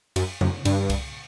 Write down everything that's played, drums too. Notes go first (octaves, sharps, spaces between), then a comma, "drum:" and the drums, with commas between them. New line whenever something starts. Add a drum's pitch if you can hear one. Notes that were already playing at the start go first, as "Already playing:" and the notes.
F#2, drum: cymbal
F#2, drum: tom C#3
G2, drum: cymbal
drum: kick C2, cymbal